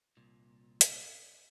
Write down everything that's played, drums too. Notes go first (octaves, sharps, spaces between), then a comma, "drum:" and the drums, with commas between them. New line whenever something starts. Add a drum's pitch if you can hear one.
C2 A#2
drum: hi-hat